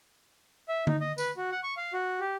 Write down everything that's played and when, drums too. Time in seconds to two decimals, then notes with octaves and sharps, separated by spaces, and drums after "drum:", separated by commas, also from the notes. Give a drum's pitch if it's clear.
0.69 E5
0.87 D#4, drum: tom D3
1.01 D#5
1.18 B4, drum: tambourine
1.37 F#4
1.51 F#5
1.63 C#6
1.77 F5
1.93 F#4
2.20 G4